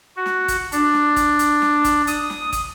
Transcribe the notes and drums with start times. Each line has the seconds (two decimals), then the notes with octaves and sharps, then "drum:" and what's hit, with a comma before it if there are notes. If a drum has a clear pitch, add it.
0.17 F#4
0.26 drum: snare
0.48 drum: kick, hi-hat
0.72 D4, drum: hi-hat
0.94 drum: snare
1.16 drum: kick, hi-hat
1.39 drum: hi-hat
1.62 drum: snare
1.85 drum: kick, hi-hat
2.07 D#6, drum: hi-hat
2.30 drum: snare
2.53 drum: kick, hi-hat